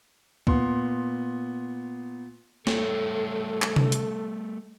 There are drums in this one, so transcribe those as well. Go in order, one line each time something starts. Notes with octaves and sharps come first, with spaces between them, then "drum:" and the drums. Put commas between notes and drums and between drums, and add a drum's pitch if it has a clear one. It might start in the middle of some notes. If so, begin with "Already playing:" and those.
A#2 B3 C6, drum: kick C#2
G3 A3 A4 C#5, drum: snare
drum: clap
drum: tom C3
drum: hi-hat